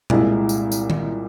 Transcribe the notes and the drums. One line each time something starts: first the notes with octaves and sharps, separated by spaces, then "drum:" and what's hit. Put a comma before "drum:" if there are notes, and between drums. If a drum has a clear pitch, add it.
C2 A#2 G#3 E4, drum: tom B2
drum: tambourine
drum: tambourine
drum: tom D#3